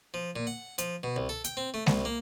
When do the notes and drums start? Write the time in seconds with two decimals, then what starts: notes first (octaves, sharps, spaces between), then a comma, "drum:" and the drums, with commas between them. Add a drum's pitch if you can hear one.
0.14 F3
0.36 A#2
0.47 F#5
0.78 F3, drum: hi-hat
1.03 B2
1.16 C2
1.29 A4
1.44 G5, drum: hi-hat
1.57 C4
1.74 A3
1.87 C2, drum: snare G#3
2.05 A#3